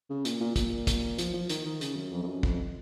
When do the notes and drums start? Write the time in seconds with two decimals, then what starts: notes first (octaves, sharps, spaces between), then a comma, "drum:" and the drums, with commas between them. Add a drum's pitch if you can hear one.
0.10 C#3
0.25 A#2, drum: hi-hat
0.40 A#2
0.56 A#2, drum: kick, hi-hat
0.87 drum: kick, hi-hat
1.18 F3, drum: hi-hat
1.33 F3
1.49 D#3, drum: hi-hat
1.65 D#3
1.81 C#3, drum: hi-hat
1.96 F#2
2.12 F2
2.23 F2
2.27 F#2
2.43 F2, drum: kick